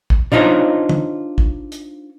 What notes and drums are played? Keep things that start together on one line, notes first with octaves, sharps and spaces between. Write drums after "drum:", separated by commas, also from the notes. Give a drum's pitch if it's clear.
drum: kick
D4 D#4 F4 C5 C#5 D#5, drum: tom
drum: tom
drum: kick
drum: hi-hat